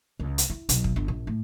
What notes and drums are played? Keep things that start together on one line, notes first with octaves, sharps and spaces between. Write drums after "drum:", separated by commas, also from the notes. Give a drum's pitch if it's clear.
C#2
drum: hi-hat
E4
B1, drum: hi-hat
drum: kick
G1
A#1
A2